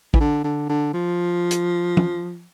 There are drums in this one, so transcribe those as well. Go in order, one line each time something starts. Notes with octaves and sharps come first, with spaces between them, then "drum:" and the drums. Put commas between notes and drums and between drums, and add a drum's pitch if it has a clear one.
E3, drum: kick
D3
D3
D3
F3
drum: hi-hat
drum: tom